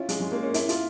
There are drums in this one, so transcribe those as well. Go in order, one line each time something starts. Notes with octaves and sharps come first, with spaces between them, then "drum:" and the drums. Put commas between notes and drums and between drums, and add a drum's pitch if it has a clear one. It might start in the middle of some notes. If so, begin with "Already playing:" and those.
Already playing: C#4 E4 F4
G#3, drum: hi-hat
G#3
A#3
C#4
E4, drum: hi-hat
F4, drum: hi-hat